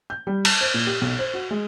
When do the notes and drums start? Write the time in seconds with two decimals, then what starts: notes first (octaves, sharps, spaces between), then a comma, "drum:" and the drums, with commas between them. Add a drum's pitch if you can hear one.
0.10 G6
0.27 G3
0.45 A5, drum: cymbal
0.61 C5
0.74 A#2
0.87 G4
1.01 B1
1.19 C5
1.34 F#4
1.51 G#3